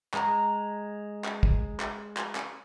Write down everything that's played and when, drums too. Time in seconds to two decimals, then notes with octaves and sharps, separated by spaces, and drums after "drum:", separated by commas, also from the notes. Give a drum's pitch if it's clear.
0.14 G#3 A#5, drum: clap
1.24 drum: clap
1.43 drum: kick
1.80 drum: clap
2.17 drum: clap
2.35 drum: clap